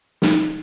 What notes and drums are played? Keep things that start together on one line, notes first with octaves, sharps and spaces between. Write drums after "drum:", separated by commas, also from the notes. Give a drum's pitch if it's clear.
D#4, drum: snare